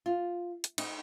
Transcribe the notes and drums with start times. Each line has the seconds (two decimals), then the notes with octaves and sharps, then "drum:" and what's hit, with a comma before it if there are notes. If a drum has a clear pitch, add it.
0.06 F4
0.64 drum: hi-hat
0.78 D#4, drum: cymbal